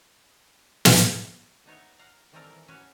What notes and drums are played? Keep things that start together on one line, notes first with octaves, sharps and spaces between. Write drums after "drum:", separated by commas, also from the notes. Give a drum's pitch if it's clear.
drum: snare
B3 D#4 C#5 E5
F5 F#5 A#5
D#3 E3 G3 C4 A4 A#4
E3
C#4 F#4 B4 C#5